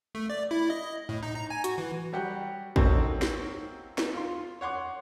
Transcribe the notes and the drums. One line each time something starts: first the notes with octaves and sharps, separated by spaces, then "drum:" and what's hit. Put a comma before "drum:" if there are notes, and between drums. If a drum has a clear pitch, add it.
A3
D5
E4
D#5
A2
D#4
A#5
G#5
F#4, drum: hi-hat
E3
F#3 G3 G4 F#5
F#3 A#3 C4 C#4 D#4 A4, drum: kick
drum: snare
drum: snare
F4 C6
C#5 F#5 C6 D6